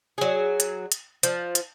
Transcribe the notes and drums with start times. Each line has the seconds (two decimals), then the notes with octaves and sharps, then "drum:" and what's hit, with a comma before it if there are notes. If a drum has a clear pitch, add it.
0.18 F#3 G#4
0.60 drum: hi-hat
0.92 drum: hi-hat
1.23 F3, drum: hi-hat
1.55 drum: hi-hat